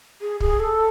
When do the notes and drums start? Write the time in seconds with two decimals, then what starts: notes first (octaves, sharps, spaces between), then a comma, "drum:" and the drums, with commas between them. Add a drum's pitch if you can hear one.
0.21 G#4
0.40 G#4, drum: kick
0.60 A4